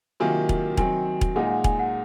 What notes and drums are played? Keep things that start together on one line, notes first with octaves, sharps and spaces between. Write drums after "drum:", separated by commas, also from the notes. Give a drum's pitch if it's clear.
C3 D#3 F#3 A#3 F4 G#5
drum: kick E1
D#3 F#3 C4 G#5, drum: kick E1
drum: kick E1
A#2 G#3 D#4 G#4 F#5
G#5
F#5
G#5, drum: kick E1
F#5